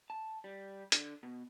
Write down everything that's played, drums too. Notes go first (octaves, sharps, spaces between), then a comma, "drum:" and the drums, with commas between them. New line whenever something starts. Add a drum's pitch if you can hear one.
A5
G3
D3, drum: hi-hat
B2